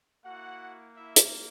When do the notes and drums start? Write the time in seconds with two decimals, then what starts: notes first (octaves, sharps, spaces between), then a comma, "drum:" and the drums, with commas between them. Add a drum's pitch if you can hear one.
0.24 A#3 E4 F#4 F#5
0.95 E4 E5
1.16 drum: hi-hat